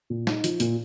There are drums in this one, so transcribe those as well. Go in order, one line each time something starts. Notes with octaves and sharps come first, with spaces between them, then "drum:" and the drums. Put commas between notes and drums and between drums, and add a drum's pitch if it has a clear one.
A#2
D#4, drum: snare
F3, drum: hi-hat
A#2, drum: hi-hat